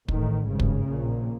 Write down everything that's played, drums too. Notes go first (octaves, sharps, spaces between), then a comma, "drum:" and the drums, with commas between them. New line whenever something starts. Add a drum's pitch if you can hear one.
A1 A2 D#3, drum: kick
G#1 G2 C#3
drum: kick
A#1 A#2